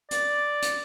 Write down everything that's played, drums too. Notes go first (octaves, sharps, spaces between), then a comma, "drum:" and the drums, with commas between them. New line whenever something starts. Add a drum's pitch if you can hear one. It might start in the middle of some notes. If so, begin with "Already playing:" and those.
D5, drum: hi-hat
drum: hi-hat